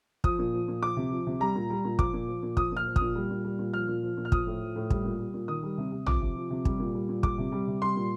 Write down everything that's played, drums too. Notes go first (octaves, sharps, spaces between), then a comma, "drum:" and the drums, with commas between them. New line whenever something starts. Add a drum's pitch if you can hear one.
F3 D#6, drum: kick
A#2
F3
A#2
F3 D6
C3
F3
C3
G3 A#5
A#2
G3
A#2
F3 D6, drum: kick
A#2
F3
A#2
F3 D#6, drum: kick
A#2 F6
F3
D#6, drum: kick
A#2
G3
A#2
G3
A#2
F3 F6
A#2
F3
A#2
F6
F3 D#6, drum: kick
A2
F3
A2
G3, drum: kick
A#2
G3
A#2
D#3 D#6
G3
C3
C3
F3 D6, drum: tom
C3
F3
C3
G3, drum: kick
A#2
G3
A#2
G3 D6, drum: kick
C3
G3
C3
G3 C6
A#2